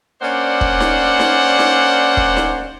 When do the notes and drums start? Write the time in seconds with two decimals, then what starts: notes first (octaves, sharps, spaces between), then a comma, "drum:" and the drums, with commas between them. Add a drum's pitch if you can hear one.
0.22 A#3 C#4 D4 C5 D5 F#5
0.61 drum: kick
0.80 drum: snare D#4
1.19 drum: snare D#4
1.58 drum: snare D#4
2.17 drum: kick
2.37 drum: snare D#4